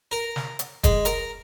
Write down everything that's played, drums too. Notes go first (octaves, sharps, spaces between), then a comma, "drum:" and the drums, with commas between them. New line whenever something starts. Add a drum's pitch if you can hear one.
A#4
drum: snare
drum: hi-hat
G#3, drum: kick, hi-hat
A#4, drum: hi-hat